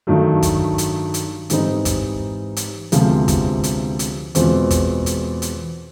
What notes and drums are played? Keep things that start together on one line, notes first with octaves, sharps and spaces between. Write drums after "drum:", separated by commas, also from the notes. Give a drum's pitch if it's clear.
G2 D#3 F#3 A3
drum: kick, hi-hat
drum: hi-hat
drum: hi-hat
G#2 E3 G3 C4 D#4, drum: hi-hat
drum: kick, hi-hat
drum: hi-hat
D2 C3 F3 G#3 B3, drum: hi-hat
drum: kick, hi-hat
drum: hi-hat
drum: hi-hat
E2 B2 G#3 C4 F4, drum: hi-hat
drum: kick, hi-hat
drum: hi-hat
drum: hi-hat